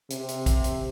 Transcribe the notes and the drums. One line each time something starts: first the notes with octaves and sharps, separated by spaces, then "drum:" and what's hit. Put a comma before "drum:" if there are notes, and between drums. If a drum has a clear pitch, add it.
C3, drum: hi-hat
drum: hi-hat
drum: kick, hi-hat
drum: hi-hat